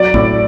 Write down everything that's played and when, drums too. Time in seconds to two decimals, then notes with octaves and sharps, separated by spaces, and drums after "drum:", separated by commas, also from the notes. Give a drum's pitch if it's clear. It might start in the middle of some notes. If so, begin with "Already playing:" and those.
Already playing: F#3 D5
0.14 A2, drum: kick